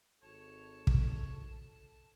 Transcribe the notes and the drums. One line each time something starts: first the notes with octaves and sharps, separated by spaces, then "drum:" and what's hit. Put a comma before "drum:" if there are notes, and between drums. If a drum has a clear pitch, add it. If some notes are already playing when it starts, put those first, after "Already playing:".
G#1 A4 C#5 A5
drum: kick